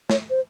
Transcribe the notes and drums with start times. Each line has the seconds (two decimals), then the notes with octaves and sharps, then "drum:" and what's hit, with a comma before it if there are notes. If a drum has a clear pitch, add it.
0.10 C#5, drum: snare
0.30 C5